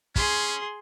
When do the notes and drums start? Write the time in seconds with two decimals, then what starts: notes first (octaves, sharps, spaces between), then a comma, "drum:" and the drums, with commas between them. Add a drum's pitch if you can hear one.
0.16 C#4 G#4 C6, drum: kick